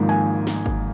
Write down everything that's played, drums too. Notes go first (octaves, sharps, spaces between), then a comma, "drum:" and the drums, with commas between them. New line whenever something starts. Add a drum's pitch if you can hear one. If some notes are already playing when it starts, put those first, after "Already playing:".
Already playing: G#1 G#2 F3 A#3
G#5
drum: snare
drum: kick G1